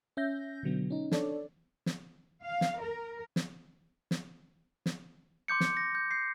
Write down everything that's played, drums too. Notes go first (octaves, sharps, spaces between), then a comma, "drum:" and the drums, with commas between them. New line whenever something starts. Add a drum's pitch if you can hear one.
C#4 E5 G6 A#6
B2 D3 F#3 B3
C#4 D#4
D4 A4 C#5 D5, drum: snare
drum: snare
F5
drum: snare
A#4
drum: snare
drum: snare
drum: snare
C6 D6 G6 C#7
drum: snare
A#6
G6
G6 C7